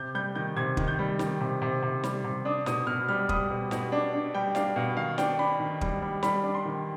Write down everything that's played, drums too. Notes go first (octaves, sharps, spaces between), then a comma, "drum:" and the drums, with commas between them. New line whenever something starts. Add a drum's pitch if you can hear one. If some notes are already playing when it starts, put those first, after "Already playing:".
Already playing: C3 G6
G3 G6
D#3 G6
C3 G#6
D#3, drum: kick
G6
G3
D#3, drum: snare
C3
C3
C3
G3, drum: snare
C3
D4 D#6
B2 D#6, drum: snare
B2 F6
G3 F6
G3 D#6, drum: kick
B2
B2, drum: snare
D4
D4
G3 G5
D4 F5, drum: snare
B2 F5
D#3 F5
D4 G5, drum: snare
D4 B5
D#3
G3, drum: kick
G3
G3 B5, drum: snare
D4
C6
D#3